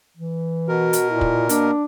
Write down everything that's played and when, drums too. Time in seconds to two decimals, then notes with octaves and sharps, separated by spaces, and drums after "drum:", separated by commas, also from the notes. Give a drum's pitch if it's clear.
0.17 E3
0.68 B2 F#4 A#4
0.93 drum: hi-hat
1.10 A#2 E4
1.21 drum: kick
1.49 A#3 D4, drum: hi-hat